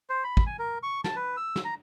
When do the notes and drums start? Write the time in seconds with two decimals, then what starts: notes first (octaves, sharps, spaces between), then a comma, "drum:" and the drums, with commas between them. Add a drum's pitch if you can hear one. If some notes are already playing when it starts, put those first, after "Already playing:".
0.10 C5
0.24 B5
0.37 drum: kick
0.46 G#5
0.59 A#4
0.83 C#6
1.04 A5, drum: snare
1.16 B4
1.37 E6
1.56 drum: snare
1.65 A#5